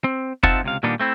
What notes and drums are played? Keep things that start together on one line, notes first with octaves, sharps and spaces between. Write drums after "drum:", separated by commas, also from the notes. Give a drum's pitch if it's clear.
C4
C4 D#4 F4 E5 F#5 A5, drum: kick
C#2 C3 F5
A#2 D#3 G3 A#3 B3 D4
A3 C4 E4